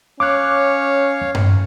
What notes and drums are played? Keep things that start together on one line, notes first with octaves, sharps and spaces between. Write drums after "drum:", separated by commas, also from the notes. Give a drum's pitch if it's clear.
C#4 C#5 F5 D6 F#6
drum: tom G2